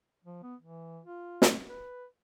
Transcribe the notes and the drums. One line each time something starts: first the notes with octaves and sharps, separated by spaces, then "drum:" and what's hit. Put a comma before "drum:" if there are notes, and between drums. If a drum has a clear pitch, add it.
F3
B3
E3
F4
drum: snare
B4